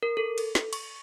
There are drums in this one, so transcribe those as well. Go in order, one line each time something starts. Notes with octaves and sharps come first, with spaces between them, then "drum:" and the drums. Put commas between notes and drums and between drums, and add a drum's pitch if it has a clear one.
A#4
A4
drum: cymbal
drum: snare
C#6, drum: cymbal